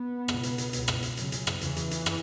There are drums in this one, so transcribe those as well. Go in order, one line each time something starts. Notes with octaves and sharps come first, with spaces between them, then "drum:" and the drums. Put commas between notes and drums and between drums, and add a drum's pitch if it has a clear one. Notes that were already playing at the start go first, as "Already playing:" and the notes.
Already playing: B3
C#2 B2, drum: rim click
drum: hi-hat
drum: hi-hat
C#2 B2, drum: hi-hat
drum: rim click
drum: hi-hat
F#2 C#3, drum: hi-hat
drum: hi-hat
drum: rim click
E2 C#3 E3, drum: hi-hat
drum: hi-hat
drum: hi-hat
drum: rim click